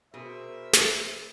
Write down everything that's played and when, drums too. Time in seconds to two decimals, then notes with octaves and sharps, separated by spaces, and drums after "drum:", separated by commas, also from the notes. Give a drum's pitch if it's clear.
0.14 B2 G#4 A#4 C5 E5
0.73 drum: snare